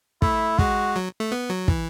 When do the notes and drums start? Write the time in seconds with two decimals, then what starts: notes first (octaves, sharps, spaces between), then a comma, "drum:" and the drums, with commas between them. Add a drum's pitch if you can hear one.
0.22 A3 E4, drum: kick
0.59 G#3 F#4, drum: kick
0.96 F#3
1.20 A3
1.32 B3
1.50 F#3
1.68 E3, drum: kick